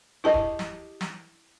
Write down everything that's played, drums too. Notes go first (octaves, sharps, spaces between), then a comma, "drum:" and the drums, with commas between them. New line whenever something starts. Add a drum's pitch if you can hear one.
E4 G4 G#4 D#5 A5
drum: kick
drum: snare
drum: snare